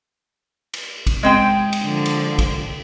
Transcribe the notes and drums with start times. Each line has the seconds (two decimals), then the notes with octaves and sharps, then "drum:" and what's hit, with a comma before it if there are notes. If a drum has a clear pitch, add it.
0.74 drum: cymbal
1.07 drum: kick, cymbal
1.23 G#3 C4 G5
1.73 drum: cymbal
1.84 D3 F3
2.06 drum: cymbal
2.39 drum: kick, cymbal